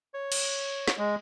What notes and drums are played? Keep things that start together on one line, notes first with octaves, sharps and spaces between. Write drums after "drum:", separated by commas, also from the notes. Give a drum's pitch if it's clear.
C#5
drum: cymbal
drum: snare
G#3